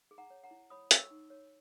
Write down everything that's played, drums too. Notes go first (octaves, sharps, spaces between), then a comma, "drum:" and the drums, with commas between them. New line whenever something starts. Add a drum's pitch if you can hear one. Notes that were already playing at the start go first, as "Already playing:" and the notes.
G#4
F#5 A#5
C#5
F#5 A#5
E4
C#5 B5 D#6
C#5, drum: hi-hat
C#6 E6
D#4
C#5